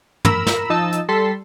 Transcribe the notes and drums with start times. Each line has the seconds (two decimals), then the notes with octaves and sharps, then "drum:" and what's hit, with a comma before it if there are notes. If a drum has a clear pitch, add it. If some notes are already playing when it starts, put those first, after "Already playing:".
0.25 A#4 A#5 B5 E6, drum: tom
0.47 drum: snare
0.70 F3 D#4 D#5 A5 E6
0.93 drum: hi-hat
1.09 G3 A4 A5 C6 B6